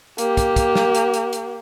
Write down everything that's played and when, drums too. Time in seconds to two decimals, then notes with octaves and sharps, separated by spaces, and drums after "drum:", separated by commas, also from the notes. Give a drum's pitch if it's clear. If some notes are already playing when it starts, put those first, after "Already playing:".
0.18 A#3 G4, drum: hi-hat
0.37 drum: kick, hi-hat
0.56 drum: kick, hi-hat
0.75 drum: snare
0.95 drum: hi-hat
1.14 drum: hi-hat
1.33 drum: hi-hat